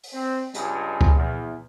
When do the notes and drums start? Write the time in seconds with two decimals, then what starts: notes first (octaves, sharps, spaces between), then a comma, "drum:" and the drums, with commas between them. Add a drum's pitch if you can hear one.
0.03 drum: open hi-hat
0.13 C4
0.54 C#2 G2 G#3, drum: hi-hat
1.01 drum: kick C#2
1.16 E2